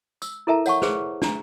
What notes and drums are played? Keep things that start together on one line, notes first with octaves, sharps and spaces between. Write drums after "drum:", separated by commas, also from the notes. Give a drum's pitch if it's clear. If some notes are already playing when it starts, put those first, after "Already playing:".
E6, drum: tambourine
E4 A4 A#4 E5 A5 A#5
C#5 F#5 A5 C#6, drum: tambourine
G#4 B4 C5, drum: snare
D4 A#5, drum: snare